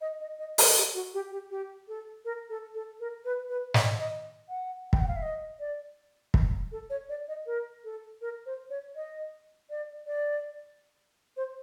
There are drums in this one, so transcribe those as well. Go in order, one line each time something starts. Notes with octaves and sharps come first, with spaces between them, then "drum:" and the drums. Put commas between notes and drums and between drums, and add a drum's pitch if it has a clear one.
D#5
D#5
D#5
C#5, drum: open hi-hat
G4
F#4
G4
G4
G4
A4
A#4
A4
A4
A#4
B4
B4
D#5, drum: snare
D#5
F#5
G5, drum: kick
F#5
F5
E5
D#5
D5
drum: kick
A4
C#5
D5
D#5
A#4
A4
A#4
C5
C#5
D#5
D5
D5
C5